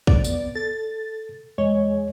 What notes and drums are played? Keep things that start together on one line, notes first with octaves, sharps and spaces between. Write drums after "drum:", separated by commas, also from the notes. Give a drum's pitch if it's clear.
D5, drum: kick
B3, drum: tambourine
A4 A6
E2 G#3 C#5